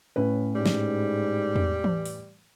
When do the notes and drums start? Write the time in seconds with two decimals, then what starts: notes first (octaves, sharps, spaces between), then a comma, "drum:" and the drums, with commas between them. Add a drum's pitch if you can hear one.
0.16 A2 C#4 B4
0.55 G#2 G3
0.66 drum: snare
1.56 drum: tom E2
1.84 drum: tom E3
2.06 drum: open hi-hat